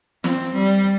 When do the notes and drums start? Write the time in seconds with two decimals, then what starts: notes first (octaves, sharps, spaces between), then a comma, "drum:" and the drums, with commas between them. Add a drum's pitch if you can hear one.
0.24 C4, drum: snare
0.54 G3